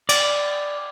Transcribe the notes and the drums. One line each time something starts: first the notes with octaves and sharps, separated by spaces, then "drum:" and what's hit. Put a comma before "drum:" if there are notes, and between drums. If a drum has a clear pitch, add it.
D5, drum: cymbal